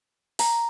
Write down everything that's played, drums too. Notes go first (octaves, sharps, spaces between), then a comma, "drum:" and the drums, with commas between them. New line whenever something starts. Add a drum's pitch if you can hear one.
A#5, drum: open hi-hat